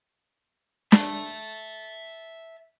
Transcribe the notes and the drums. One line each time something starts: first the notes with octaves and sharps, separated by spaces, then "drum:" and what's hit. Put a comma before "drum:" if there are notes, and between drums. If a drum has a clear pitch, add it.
E5 A5, drum: snare